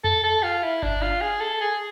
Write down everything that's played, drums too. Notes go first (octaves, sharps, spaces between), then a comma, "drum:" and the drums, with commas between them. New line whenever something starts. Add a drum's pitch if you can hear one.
A4, drum: tom F2
A4
F4
E4
D4, drum: kick G1
F4
G#4
A4
G#4